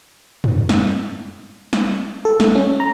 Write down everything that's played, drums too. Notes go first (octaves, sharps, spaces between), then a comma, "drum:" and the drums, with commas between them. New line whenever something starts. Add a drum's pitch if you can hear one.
drum: tom
drum: snare
drum: snare
A4
A3, drum: snare
C#4
A#5